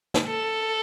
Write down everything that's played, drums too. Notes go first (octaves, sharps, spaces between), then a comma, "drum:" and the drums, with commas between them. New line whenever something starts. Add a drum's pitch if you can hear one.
drum: snare
A4